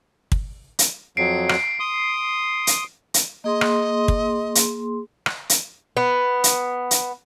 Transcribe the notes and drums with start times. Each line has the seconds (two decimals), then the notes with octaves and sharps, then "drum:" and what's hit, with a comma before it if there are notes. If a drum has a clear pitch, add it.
0.32 drum: kick
0.79 drum: hi-hat
1.17 F2 F#3 C7 D7
1.49 drum: rim click
1.80 C6 D#6
2.67 drum: hi-hat
3.14 drum: hi-hat
3.44 A#3 G#4 D#5 C6
3.61 drum: rim click
4.08 drum: kick
4.55 drum: hi-hat
5.26 drum: rim click
5.50 drum: hi-hat
5.97 B3
6.44 drum: hi-hat
6.91 drum: hi-hat